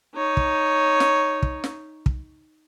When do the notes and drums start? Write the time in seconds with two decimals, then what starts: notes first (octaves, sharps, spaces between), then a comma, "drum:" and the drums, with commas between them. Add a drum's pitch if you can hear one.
0.16 D#4 C#5
0.37 drum: kick
1.00 drum: snare
1.43 drum: kick
1.64 drum: snare
2.06 drum: kick